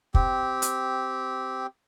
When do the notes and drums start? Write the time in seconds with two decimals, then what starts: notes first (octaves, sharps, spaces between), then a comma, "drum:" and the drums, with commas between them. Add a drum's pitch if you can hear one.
0.14 C4 G4, drum: kick
0.62 drum: hi-hat